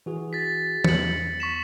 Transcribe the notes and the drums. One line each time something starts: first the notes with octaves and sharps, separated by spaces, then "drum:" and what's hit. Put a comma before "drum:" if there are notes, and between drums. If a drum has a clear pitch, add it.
E3 F#4 G#4
A6 B6
E2 C#7 F#7, drum: tom
C#6 B6 E7